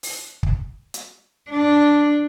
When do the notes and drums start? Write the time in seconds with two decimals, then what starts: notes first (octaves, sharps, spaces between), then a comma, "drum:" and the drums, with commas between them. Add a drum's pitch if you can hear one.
0.03 drum: open hi-hat
0.43 drum: kick
0.94 drum: hi-hat
1.50 D4